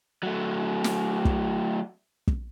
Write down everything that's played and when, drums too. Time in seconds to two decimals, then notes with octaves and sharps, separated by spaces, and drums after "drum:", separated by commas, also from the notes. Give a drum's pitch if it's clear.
0.23 F#3 A3
0.84 drum: snare
1.25 drum: kick
2.27 drum: kick